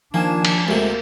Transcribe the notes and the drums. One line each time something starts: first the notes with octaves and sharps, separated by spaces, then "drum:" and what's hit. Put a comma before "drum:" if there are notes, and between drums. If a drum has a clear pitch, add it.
D#3 F3 A#3 D4 G#5 E7
drum: cymbal
D2 C3 G#3 A#3